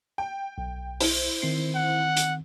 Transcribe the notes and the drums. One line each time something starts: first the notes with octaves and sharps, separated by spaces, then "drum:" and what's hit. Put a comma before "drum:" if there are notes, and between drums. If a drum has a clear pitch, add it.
G5
B1
E4 C5, drum: open hi-hat
D#3 C4 C7
F#5
drum: hi-hat